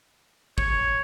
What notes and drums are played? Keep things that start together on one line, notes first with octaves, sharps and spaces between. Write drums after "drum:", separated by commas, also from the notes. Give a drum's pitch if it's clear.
C#5, drum: kick